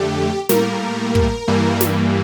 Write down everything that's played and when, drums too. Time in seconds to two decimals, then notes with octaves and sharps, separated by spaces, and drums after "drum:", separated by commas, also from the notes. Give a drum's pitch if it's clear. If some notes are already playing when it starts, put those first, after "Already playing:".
Already playing: F2 D3 A3 G4
0.49 A2 G3 A#3 A#4, drum: snare
1.15 drum: kick
1.48 G2 E3 G3 A#3
1.81 drum: snare